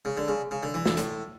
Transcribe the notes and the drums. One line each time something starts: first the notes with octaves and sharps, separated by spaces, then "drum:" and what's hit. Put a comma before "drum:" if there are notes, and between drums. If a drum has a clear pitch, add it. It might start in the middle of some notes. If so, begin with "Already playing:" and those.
C#3
D3
C#3
C#3
D3
E3
D3, drum: snare
A2, drum: hi-hat